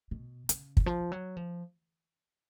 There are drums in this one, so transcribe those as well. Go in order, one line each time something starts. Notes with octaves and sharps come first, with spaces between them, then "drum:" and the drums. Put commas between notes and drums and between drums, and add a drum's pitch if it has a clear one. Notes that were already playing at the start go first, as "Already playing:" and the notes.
B2
C#3, drum: hi-hat
drum: kick
F3
F#3
F3